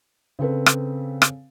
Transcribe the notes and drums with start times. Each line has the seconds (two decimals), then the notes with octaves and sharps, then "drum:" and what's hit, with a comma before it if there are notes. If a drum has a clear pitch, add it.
0.39 C#3 C4 A4 B4
0.66 drum: rim click
1.22 drum: rim click